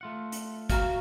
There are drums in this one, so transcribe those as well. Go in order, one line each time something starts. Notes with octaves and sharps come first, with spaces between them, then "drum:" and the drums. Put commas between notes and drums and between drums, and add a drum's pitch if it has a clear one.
A3 F4 F#5
drum: hi-hat
F#4 F5 A#5, drum: kick, hi-hat